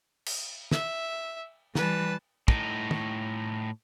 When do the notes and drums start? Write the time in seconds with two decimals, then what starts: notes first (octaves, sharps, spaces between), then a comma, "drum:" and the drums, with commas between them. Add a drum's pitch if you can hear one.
0.26 drum: cymbal
0.71 E5, drum: snare
1.75 E3 G3 B4 A5, drum: snare
2.48 A2 D#4, drum: kick
2.91 drum: tom